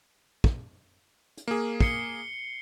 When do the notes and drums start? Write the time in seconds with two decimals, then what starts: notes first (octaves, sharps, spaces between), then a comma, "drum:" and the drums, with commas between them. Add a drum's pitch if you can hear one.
0.44 drum: kick
1.37 drum: hi-hat
1.48 A#3 G#4
1.80 C7 C#7 G7, drum: kick